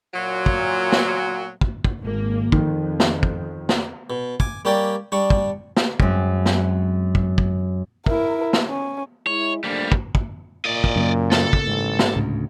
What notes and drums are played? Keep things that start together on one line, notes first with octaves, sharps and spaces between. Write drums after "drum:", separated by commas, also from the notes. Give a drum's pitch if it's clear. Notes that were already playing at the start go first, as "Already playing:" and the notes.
A#2 F#3
drum: kick
drum: snare
drum: kick
drum: kick
G#1 A#3
F2 D#3, drum: kick
drum: snare
drum: kick
drum: snare
B2
G#5 D6, drum: kick
G3 A#3 C#4 G4 D5
G3 D4 C#6
drum: kick
drum: snare
F#2 G#3 C4, drum: kick
drum: snare
drum: kick
drum: kick
E4 A#4, drum: kick
drum: snare
C#4
G#3 E4 C#5
F3 G3 A3 A#3 D4
drum: kick
drum: kick
A#2 D5 D#5
drum: kick
F#2 C#3 A#3
A4, drum: snare
drum: kick
A1 G#2
drum: snare
D2 A2 C#3